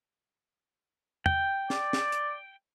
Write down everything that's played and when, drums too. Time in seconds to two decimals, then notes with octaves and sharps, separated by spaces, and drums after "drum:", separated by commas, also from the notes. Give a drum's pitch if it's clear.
1.26 G5, drum: tom
1.70 D5, drum: snare
1.93 drum: snare
2.12 drum: hi-hat